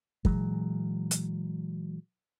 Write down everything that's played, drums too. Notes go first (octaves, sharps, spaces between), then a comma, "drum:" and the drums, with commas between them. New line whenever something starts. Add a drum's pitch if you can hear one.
A#2 E3 F#3 G#3, drum: kick
drum: hi-hat